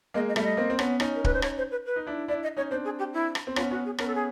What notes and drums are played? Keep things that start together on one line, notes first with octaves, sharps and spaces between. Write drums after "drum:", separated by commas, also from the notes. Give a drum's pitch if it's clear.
G#3 A#3 D#5
D#5
G3 A3 E5, drum: rim click
D#5
A#3 C4
C4
B3 C#4, drum: rim click
C#4 D#4, drum: rim click
A#4
B4, drum: kick D1
C5
C#5, drum: rim click
C5
B4
B4
D#4
D4 E4
D4 E4 D5
D#5
C#4 D#4 C#5
C4 D4 C5
G#4
G4
E4
drum: rim click
C4
B3 C#4 F4, drum: rim click
B3 C#4 F#4
G#4
B3 C#4 A#4, drum: rim click
A4
G#4